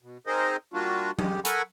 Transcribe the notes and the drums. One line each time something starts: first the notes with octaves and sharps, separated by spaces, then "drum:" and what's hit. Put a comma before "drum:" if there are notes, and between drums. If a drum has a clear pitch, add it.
B2
C4 D#4 G#4 A#4 C5 D#5
G3 A#3 D4 F4 F#4
G#3 G4, drum: tom F#3
A4 A#4 F#5 G#5 B5 C#6, drum: hi-hat